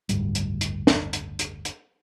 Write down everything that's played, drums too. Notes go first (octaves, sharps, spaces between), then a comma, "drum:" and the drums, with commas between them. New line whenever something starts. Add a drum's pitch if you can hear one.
F#1 D2 G#2 G3, drum: hi-hat
drum: hi-hat
drum: hi-hat
drum: snare
drum: hi-hat
drum: hi-hat
drum: hi-hat